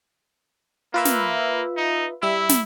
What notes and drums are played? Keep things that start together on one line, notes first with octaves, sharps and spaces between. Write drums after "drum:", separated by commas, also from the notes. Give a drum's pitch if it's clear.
A#3 F4 B4 E5
drum: snare
D#4
G3 E4 E5
drum: snare